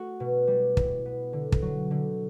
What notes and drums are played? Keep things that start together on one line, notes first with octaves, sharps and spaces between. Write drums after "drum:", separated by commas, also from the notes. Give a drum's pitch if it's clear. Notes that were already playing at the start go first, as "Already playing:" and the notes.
Already playing: A3 F#4
B2
G3
E4, drum: kick
B3
D3
drum: kick
F#3
D3